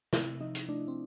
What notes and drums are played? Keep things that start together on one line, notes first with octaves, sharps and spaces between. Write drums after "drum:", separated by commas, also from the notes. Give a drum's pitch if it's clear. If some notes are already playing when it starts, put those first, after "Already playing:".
C3 E4, drum: snare
F3 D#4
drum: hi-hat
A3 D4
C4